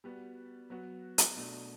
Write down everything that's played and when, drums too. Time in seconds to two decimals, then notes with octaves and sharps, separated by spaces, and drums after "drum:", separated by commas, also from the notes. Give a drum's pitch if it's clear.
0.04 G3 B3 F#4
0.70 F#3 B3 F#4
1.18 drum: hi-hat
1.36 B2 A3 D4